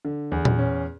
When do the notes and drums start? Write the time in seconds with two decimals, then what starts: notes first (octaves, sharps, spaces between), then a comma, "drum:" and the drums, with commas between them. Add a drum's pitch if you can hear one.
0.05 D3
0.32 E2
0.45 drum: tom A#2
0.59 C#4